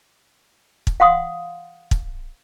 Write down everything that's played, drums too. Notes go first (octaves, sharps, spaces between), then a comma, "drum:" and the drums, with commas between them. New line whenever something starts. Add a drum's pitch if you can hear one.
drum: kick
F5 F#5 C6 D#6
drum: kick